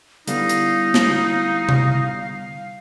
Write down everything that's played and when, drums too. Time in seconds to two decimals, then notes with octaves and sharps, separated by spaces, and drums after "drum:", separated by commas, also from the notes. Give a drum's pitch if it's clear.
0.28 D3 G3 B3 D#4 E4 F5, drum: hi-hat
0.49 drum: hi-hat
0.94 drum: snare
1.69 drum: tom C3